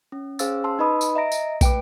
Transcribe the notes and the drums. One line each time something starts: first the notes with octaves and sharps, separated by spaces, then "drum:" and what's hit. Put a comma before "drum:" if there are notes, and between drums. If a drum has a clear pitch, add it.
C#4
C#4 G#4 C5 F5 E6 A6, drum: tambourine
A5 C6 E6
D#4 B4 D#5 B5 D#6
drum: tambourine
D#5 E5 A#5 A#6 D7
drum: tambourine
A3 B4 G5 D7, drum: kick, tambourine